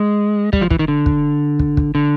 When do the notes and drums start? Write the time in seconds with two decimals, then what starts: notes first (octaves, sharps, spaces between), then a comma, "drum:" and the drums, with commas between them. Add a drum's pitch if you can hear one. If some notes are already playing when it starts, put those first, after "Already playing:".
Already playing: G#3
0.53 G3, drum: kick
0.61 F3
0.70 E3, drum: kick
0.79 D#3
0.88 D3
1.06 drum: kick
1.59 drum: kick
1.77 drum: kick
1.95 D3